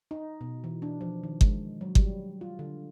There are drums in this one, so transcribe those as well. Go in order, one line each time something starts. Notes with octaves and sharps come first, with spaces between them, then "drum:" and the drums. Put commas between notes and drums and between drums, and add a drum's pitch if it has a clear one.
D#4
B2
E3
D4
F3
D#3
G#3, drum: kick G1
F#3
G3, drum: kick G1
F4
D3